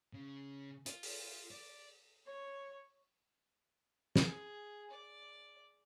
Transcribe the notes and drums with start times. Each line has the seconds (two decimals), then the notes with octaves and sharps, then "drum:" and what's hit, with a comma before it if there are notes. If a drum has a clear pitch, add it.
0.13 C#3
0.86 F4, drum: hi-hat
1.03 drum: open hi-hat
1.51 D5
2.26 C#5
4.16 G#4, drum: snare
4.90 D5